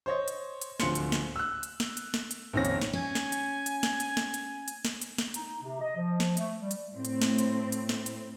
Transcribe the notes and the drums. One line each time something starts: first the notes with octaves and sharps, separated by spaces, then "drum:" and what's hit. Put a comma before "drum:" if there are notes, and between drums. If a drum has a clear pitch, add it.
C5 C#5 D#5
drum: hi-hat
drum: hi-hat
D1 D3 F3 C6 C#7, drum: snare
drum: hi-hat
drum: snare
E6 F#6
drum: hi-hat
drum: snare
drum: hi-hat
drum: snare
drum: hi-hat
A#1 F2 D#3 C#4 A#6
drum: hi-hat
drum: snare
C#4 G#5
drum: snare
drum: hi-hat
drum: hi-hat
drum: snare
drum: hi-hat
drum: snare
drum: hi-hat
drum: hi-hat
drum: snare
drum: hi-hat
drum: snare
D#4, drum: hi-hat
C3
D#5
F3
drum: snare
A3, drum: hi-hat
G3
drum: hi-hat
A2 C4
drum: hi-hat
drum: snare
drum: hi-hat
drum: hi-hat
drum: snare
drum: hi-hat